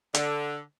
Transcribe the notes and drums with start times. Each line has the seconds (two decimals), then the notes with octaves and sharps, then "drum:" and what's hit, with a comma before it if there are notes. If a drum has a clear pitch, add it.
0.15 D3, drum: hi-hat